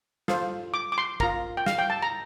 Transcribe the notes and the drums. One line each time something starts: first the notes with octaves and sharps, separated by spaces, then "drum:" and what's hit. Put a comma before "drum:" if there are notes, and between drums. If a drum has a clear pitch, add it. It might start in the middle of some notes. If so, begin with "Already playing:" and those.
F4 A4 C5, drum: snare
D6
D6
C6
F4 A#4 A#5, drum: kick
G5
F5, drum: snare
G5
A5
A#5